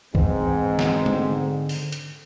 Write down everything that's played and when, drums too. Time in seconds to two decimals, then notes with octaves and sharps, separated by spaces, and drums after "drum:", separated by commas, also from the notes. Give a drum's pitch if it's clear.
0.15 G#2 E3 C4, drum: kick C2
0.79 drum: snare
1.06 D3, drum: tom
1.69 drum: open hi-hat
1.92 drum: hi-hat